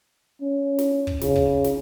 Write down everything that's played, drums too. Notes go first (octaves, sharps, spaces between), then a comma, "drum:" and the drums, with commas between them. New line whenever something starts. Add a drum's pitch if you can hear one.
C#4
drum: snare
drum: kick
C#3, drum: snare
drum: kick
drum: snare